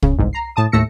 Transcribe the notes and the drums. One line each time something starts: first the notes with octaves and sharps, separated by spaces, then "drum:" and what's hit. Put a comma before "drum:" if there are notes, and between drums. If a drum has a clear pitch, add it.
C#3, drum: kick
G1 C2 G#2
A#5 C7
A2 A5 D#6
D#2 A2 A3 E6 A#6 C#7